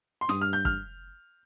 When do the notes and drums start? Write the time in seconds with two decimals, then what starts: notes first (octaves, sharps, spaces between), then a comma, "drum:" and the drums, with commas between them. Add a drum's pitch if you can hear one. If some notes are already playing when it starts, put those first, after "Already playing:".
0.21 C6
0.29 G2 D#6, drum: snare
0.41 F6
0.53 G6
0.65 F6, drum: kick